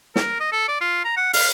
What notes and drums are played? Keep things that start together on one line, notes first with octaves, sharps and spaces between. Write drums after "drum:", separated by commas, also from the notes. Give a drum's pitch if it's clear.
A#4, drum: snare
D#5
A4
D5
F4
A#5
F#5
F5, drum: open hi-hat